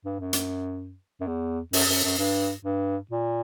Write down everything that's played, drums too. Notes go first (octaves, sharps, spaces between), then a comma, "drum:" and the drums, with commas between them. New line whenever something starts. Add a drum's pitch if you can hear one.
G2
F#2
drum: hi-hat
F#2
E2
F#2, drum: open hi-hat
F#2
F#2
G2
G2
A#2